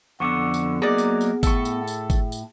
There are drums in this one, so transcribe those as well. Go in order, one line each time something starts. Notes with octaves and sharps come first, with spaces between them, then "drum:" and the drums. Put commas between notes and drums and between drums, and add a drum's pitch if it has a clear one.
F2 D3 B3 F#5 C#6 D6 E6
drum: tambourine
F#3 A#3 D#4 G#4 A#4 D5
drum: tambourine
drum: tambourine
A2 A4 C#6, drum: kick, tambourine
drum: tambourine
drum: tambourine
drum: kick, tambourine
drum: tambourine